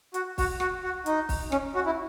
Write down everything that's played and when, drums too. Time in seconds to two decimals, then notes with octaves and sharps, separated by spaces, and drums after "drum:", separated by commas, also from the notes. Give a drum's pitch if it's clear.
0.14 F#4, drum: hi-hat
0.38 F#4, drum: kick, open hi-hat
0.60 F#4, drum: rim click
0.83 F#4
1.06 D#4, drum: hi-hat
1.29 drum: kick, open hi-hat
1.52 C#4, drum: rim click
1.75 F#4
1.86 E4